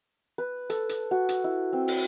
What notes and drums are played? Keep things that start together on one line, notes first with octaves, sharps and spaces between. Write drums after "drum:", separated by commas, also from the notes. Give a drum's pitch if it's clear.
B4
A4, drum: hi-hat
drum: hi-hat
F#4
drum: hi-hat
E4
C4
drum: open hi-hat